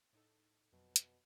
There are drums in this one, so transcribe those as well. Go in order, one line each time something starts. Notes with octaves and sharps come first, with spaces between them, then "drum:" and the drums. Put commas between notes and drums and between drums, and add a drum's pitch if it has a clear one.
A2 D#4 A4
F2 B2 F#3
drum: hi-hat